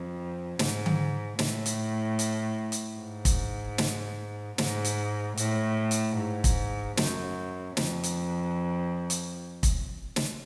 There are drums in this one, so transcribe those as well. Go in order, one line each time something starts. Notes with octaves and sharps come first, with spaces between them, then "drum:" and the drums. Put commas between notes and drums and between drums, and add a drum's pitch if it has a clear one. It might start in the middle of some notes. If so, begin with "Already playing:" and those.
Already playing: F2
G#2, drum: snare
drum: tom D3
A2, drum: snare
drum: hi-hat
drum: hi-hat
drum: hi-hat
G#2
drum: kick, hi-hat
drum: snare
G#2, drum: snare
drum: hi-hat
A2, drum: hi-hat
drum: hi-hat
G#2
drum: kick, hi-hat
F#2, drum: snare
F2, drum: snare
drum: hi-hat
drum: hi-hat
drum: kick, hi-hat
drum: snare